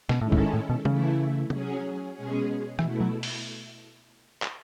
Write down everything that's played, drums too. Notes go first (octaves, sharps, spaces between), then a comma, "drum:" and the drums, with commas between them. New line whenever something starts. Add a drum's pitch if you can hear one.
B2, drum: snare
A2 D#3 G#3 C#4 E4 A4
A2, drum: kick
G#2
A2
B2
C#3 E3 A3 E4, drum: tom G3
F#3 C#4 G#4, drum: tom C3
B2 G#3 C#4 G#4
B2 E3 A3 E4, drum: rim click
F#3
drum: open hi-hat
drum: clap